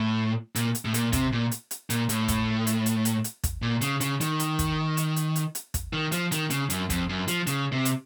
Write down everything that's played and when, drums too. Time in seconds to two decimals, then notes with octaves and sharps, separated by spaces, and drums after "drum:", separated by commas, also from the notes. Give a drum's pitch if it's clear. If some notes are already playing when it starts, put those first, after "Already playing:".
Already playing: A2
0.56 A#2, drum: hi-hat
0.75 drum: hi-hat
0.85 A2
0.94 A#2, drum: hi-hat
1.13 C3, drum: kick, hi-hat
1.32 A#2
1.51 drum: hi-hat
1.71 drum: hi-hat
1.90 A#2, drum: hi-hat
2.09 A2, drum: hi-hat
2.28 drum: kick, hi-hat
2.67 drum: hi-hat
2.86 drum: hi-hat
3.05 drum: hi-hat
3.24 drum: hi-hat
3.44 drum: kick, hi-hat
3.62 A#2
3.81 C#3, drum: hi-hat
4.01 C#3, drum: hi-hat
4.21 D#3, drum: hi-hat
4.40 drum: hi-hat
4.59 drum: kick, hi-hat
4.97 drum: hi-hat
5.16 drum: hi-hat
5.36 drum: hi-hat
5.55 drum: hi-hat
5.74 drum: kick, hi-hat
5.93 D#3
6.12 F3, drum: hi-hat
6.32 D#3, drum: hi-hat
6.50 C#3, drum: hi-hat
6.70 F#2, drum: hi-hat
6.90 F2, drum: kick, hi-hat
7.09 F#2
7.28 F3, drum: hi-hat
7.47 C#3, drum: hi-hat
7.72 C3
7.85 drum: hi-hat